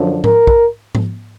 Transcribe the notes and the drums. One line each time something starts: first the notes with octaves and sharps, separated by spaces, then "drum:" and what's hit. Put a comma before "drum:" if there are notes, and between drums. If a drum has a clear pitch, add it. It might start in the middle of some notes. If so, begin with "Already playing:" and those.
Already playing: F#2 D3 F3
A#4, drum: tom G#2
drum: kick
drum: tom G#2